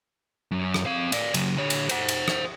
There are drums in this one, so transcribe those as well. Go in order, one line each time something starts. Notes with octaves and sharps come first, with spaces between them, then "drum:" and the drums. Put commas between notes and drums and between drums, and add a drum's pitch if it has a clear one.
F#2
drum: rim click
C4 F5
D5 F5, drum: cymbal
C#3 F#3, drum: cymbal
D3 C#5
drum: cymbal
C5 F#5, drum: cymbal
drum: cymbal
drum: rim click